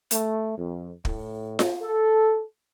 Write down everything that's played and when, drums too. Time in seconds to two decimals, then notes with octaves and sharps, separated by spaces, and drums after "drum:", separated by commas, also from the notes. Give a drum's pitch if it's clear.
0.11 A3, drum: hi-hat
0.56 F2
1.05 A2, drum: kick
1.59 drum: snare F4
1.81 A4